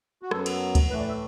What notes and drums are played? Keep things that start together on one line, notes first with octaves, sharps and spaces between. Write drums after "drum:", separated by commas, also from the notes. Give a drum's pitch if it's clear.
F#4
F#2 F#3 B3 A4, drum: rim click
drum: cymbal
drum: kick C#2, cymbal
A2 E3 A3 B4
D5
E5